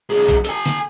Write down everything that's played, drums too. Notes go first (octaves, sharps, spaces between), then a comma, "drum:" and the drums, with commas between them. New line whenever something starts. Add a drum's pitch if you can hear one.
B1 G#4
drum: kick B1, hi-hat
A4 G#5, drum: hi-hat
drum: snare